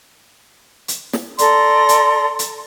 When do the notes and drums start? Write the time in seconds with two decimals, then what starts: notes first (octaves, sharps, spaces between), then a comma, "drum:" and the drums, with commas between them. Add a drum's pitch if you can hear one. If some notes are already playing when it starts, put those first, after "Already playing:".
0.88 drum: hi-hat
1.13 drum: snare
1.38 A4 D5 A#5 C6, drum: hi-hat
1.89 drum: hi-hat
2.39 drum: hi-hat